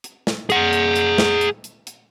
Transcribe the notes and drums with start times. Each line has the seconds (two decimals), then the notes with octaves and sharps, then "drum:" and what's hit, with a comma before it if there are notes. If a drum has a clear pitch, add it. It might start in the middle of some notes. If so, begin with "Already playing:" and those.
0.04 drum: hi-hat
0.27 drum: snare
0.50 G#4 F#5, drum: hi-hat
0.73 drum: hi-hat
0.95 drum: hi-hat
1.18 drum: snare
1.41 drum: hi-hat
1.64 drum: hi-hat
1.87 drum: hi-hat